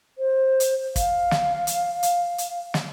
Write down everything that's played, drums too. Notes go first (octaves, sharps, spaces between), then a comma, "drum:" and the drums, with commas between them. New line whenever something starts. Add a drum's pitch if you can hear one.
C5
drum: hi-hat
F5, drum: kick, hi-hat
drum: snare
drum: hi-hat
drum: hi-hat
drum: hi-hat
drum: snare